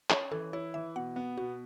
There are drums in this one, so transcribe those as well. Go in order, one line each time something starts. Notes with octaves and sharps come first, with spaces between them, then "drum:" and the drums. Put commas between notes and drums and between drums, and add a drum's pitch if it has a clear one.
C#4 C#5, drum: clap
E3 A4
E4 C#5
E3 E5
B2 F#5
B3
B2 F#4